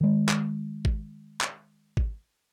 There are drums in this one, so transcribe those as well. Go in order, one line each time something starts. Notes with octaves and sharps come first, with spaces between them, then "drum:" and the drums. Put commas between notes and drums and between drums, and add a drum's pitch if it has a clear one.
D#3 G#3
drum: clap
drum: kick G#1
drum: clap
drum: kick G#1